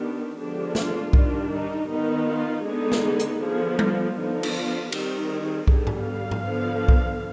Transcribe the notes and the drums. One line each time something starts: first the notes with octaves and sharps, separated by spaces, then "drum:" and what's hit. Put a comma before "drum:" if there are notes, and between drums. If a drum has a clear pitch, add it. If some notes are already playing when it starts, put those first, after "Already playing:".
Already playing: D#3 B3 D4 G4
D3 F3 G#3 B3 D4 G4
F4, drum: snare
D#3 G3 D4, drum: kick B1
D#4
D#3 B3 D#4
F4
D3 G#3 B3 D#4 G#4
drum: snare
drum: hi-hat
D3 F3 B3 G#4
F4, drum: tom G3
D3 F3 B3 D4 D#4
drum: cymbal
F4
D#3 G3 C4 D#4 G4, drum: cymbal
G#4
D3 G3 B3 G#4, drum: kick B1
drum: tom G#2
F5
drum: tom G#2
D3 F3 B3
drum: kick B1